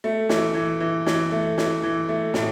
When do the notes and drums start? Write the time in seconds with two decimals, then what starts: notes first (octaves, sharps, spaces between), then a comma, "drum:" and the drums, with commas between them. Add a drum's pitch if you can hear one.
0.04 A3
0.29 E3, drum: snare
0.54 E3
0.80 E3
1.06 E3, drum: snare
1.31 A3
1.58 E3, drum: snare
1.83 E3
2.09 A3
2.34 A2, drum: snare